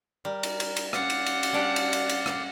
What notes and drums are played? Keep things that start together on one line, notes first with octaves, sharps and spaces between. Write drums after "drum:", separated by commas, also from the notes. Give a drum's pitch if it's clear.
G3 A#4
drum: cymbal
drum: cymbal
drum: cymbal
C#4 D5 F5 F#5, drum: rim click
drum: cymbal
drum: cymbal
drum: cymbal
G3 D4 G4
drum: cymbal
drum: cymbal
drum: cymbal
drum: rim click